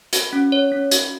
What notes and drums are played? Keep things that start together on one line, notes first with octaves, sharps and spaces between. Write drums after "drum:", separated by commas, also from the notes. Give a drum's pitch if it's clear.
F#4, drum: hi-hat
C#4
C#5
C#4
F#4, drum: hi-hat